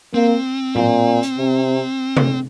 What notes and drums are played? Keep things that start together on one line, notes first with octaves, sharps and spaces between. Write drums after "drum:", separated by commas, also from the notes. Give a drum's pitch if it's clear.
A#3 C4
A#2, drum: tom A2
drum: hi-hat
C3
drum: tom C3